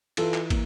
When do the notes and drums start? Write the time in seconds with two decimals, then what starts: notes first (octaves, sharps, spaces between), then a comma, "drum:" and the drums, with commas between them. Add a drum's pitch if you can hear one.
0.17 E3 F4 A4, drum: cymbal
0.34 drum: clap
0.50 A#3, drum: kick, cymbal